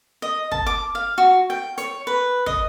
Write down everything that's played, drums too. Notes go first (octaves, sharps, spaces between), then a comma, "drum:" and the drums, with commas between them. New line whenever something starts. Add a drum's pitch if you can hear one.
D#5
A5, drum: kick
D6
F5
F#4
G5
C#5, drum: hi-hat
B4
D#5, drum: kick